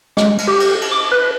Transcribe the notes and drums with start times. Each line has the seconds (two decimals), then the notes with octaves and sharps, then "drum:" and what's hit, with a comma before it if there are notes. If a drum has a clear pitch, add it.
0.17 G#3, drum: rim click
0.39 drum: cymbal
0.48 G4
0.60 drum: cymbal
0.82 drum: cymbal
0.91 D6
1.12 B4